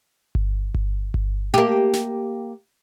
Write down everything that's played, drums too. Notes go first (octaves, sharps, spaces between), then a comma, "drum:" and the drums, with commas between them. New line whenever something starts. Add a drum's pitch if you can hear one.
drum: kick G1
drum: kick G1
drum: kick G1
A#3 G4
drum: snare